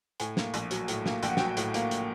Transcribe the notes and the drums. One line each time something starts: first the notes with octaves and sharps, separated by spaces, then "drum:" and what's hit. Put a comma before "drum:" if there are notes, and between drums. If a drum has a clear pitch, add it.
A2 G#5, drum: hi-hat
A#3, drum: snare
A#1, drum: hi-hat
F#3, drum: hi-hat
A2, drum: hi-hat
A#3, drum: snare
A#1 G5, drum: hi-hat
F#5
F#3 G5, drum: snare
A2, drum: hi-hat
A#3, drum: hi-hat
drum: hi-hat